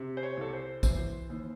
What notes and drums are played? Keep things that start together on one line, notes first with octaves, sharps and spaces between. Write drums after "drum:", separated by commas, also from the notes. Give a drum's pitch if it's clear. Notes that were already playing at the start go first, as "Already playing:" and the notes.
Already playing: C3
C5
C#5
C2 A4
C5
E3 C5, drum: kick, tambourine
D#2